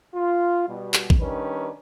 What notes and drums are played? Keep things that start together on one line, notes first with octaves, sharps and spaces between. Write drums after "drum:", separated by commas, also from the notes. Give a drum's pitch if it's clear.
F4
B2 G3
drum: clap
drum: kick
D#3 G3 C#4 D4 B4